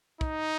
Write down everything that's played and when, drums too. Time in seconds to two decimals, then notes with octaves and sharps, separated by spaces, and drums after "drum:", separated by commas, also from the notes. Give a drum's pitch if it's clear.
0.21 D#4, drum: kick